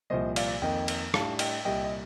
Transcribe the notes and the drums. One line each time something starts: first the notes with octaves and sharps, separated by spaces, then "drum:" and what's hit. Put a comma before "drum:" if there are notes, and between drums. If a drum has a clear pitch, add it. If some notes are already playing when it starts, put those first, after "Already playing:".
C2 A#2 F3 C5 D#5
D5 F5, drum: cymbal
F2 D#3 A#3 D#5 G5
drum: cymbal
A2 G3 D4 F5 A5, drum: rim click
D#5 G5, drum: cymbal
C2 A#2 G3 D#5 G5
D#5